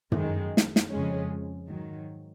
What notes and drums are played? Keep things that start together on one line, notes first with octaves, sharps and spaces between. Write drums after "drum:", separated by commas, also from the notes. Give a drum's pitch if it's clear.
F#2 D#3 G#3, drum: tom
drum: snare
drum: snare
F2 C#3 F3 G#3 C#4
G#2 D#3 F#3